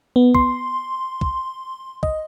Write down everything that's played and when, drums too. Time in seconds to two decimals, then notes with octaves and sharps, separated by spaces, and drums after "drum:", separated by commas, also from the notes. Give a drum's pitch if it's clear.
0.16 B3
0.35 C6, drum: kick
1.21 drum: kick
2.03 D#5, drum: kick